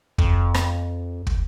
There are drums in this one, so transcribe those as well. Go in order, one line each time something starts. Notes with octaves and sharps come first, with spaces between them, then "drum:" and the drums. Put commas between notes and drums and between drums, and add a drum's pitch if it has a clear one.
F2, drum: kick
drum: rim click
drum: kick